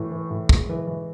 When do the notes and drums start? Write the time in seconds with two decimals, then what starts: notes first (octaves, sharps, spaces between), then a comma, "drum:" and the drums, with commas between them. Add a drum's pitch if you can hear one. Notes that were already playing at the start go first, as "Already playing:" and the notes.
Already playing: A2 E3
0.11 E3
0.30 A2
0.49 G#3, drum: kick
0.69 E3
0.87 E3